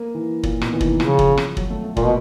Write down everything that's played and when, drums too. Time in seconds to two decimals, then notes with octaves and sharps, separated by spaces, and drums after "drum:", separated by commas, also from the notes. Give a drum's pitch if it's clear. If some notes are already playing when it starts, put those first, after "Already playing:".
Already playing: A#3
0.14 E3
0.43 A#2, drum: kick
0.61 B2, drum: rim click
0.74 E3
0.81 D#3, drum: kick
1.00 C#3 F3, drum: rim click
1.19 drum: kick
1.38 drum: rim click
1.57 F#3, drum: kick
1.70 A3
1.84 A3
1.97 A#2 A#3, drum: kick
2.05 B2